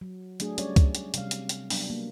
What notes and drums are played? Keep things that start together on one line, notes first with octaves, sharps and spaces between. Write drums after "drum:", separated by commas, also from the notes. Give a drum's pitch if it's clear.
F#3
F#3 A3 D4 G#4, drum: hi-hat
G3 C#4 D4 G4 C#5 D5, drum: hi-hat
drum: kick, hi-hat
drum: hi-hat
C3 G3 F5, drum: hi-hat
drum: hi-hat
drum: hi-hat
F#3 G3 B3 D4, drum: open hi-hat
A#3